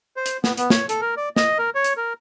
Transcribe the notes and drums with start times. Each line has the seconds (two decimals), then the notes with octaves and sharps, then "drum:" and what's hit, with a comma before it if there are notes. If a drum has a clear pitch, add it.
0.16 C5
0.26 drum: hi-hat
0.44 B3, drum: snare
0.57 B3, drum: hi-hat
0.70 C#5, drum: snare
0.89 A4, drum: hi-hat
1.01 A#4
1.17 D5
1.36 D#5, drum: snare
1.58 A#4
1.75 C#5
1.84 drum: hi-hat
1.97 A#4